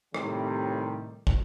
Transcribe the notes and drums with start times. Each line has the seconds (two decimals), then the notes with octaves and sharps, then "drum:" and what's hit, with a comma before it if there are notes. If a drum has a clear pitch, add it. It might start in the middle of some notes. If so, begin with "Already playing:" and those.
0.14 A2 C3 D#3 G3, drum: rim click
1.27 drum: kick